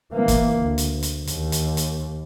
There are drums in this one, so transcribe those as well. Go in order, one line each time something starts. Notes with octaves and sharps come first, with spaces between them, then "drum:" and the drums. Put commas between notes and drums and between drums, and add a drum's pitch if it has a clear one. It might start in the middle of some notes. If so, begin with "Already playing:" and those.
E3 A#3
drum: kick, hi-hat
D2
drum: hi-hat
drum: hi-hat
D#2, drum: hi-hat
drum: hi-hat
drum: hi-hat